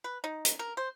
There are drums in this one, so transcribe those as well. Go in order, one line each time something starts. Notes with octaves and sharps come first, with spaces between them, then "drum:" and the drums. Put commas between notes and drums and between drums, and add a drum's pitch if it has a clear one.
B4
D#4
drum: hi-hat
A#4
C5